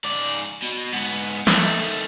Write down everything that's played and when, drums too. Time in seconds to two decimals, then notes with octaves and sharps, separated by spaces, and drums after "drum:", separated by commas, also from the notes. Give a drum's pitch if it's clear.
0.04 G#2 D5
0.63 B2
0.93 G#2 B3
1.47 D#3 A3, drum: snare